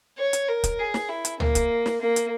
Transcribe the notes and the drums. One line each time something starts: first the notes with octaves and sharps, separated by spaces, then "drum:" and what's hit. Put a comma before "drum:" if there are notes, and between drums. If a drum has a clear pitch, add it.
C#5
drum: hi-hat
A#4
drum: kick, hi-hat
G#4
drum: snare
E4
drum: hi-hat
A#3, drum: tom
drum: kick, hi-hat
drum: snare
A#3
drum: hi-hat